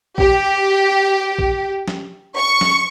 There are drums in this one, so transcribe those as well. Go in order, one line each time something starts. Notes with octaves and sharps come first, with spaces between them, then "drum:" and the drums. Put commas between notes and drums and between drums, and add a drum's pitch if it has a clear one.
G4, drum: kick B1
drum: kick B1
drum: snare
C#6
drum: snare